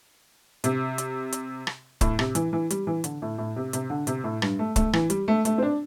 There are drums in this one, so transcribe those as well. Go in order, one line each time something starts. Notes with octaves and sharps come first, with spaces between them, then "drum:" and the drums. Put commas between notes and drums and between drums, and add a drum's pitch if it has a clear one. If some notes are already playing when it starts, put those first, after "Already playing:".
C3, drum: hi-hat
drum: hi-hat
drum: hi-hat
drum: rim click
A2, drum: kick C#1, hi-hat
C3, drum: rim click
E3, drum: hi-hat
E3
G3, drum: hi-hat
E3
D3, drum: hi-hat
A2
A2
C3
C3, drum: hi-hat
D3
C3, drum: hi-hat
A2
G2, drum: rim click
A3
A3, drum: kick C#1, hi-hat
E3, drum: rim click
G3, drum: hi-hat
A3
A3, drum: hi-hat
C4
D4